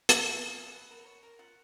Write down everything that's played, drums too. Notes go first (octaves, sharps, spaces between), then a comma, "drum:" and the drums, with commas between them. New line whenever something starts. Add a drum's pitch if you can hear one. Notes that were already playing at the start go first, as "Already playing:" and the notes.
B4 F5, drum: hi-hat
G#4 E5
G#4 F5
B4
F#5
B4
A#4
C#5
A#4
F4 F#5